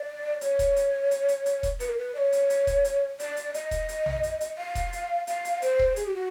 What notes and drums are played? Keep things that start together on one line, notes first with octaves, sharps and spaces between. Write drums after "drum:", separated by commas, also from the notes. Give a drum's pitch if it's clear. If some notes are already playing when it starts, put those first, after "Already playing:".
Already playing: D5
C#5, drum: hi-hat
drum: kick E1, hi-hat
drum: hi-hat
drum: hi-hat
drum: hi-hat
drum: hi-hat
drum: kick E1, hi-hat
B4, drum: hi-hat
A#4
B4
D5
C#5
drum: hi-hat
drum: hi-hat
drum: kick E1, hi-hat
drum: hi-hat
D5, drum: hi-hat
drum: hi-hat
D#5, drum: hi-hat
drum: kick E1, hi-hat
drum: hi-hat
drum: tom A#1
drum: hi-hat
drum: hi-hat
F5
drum: kick E1, hi-hat
drum: hi-hat
F5, drum: hi-hat
drum: hi-hat
C5, drum: hi-hat
drum: kick E1
G#4, drum: hi-hat
G4
F#4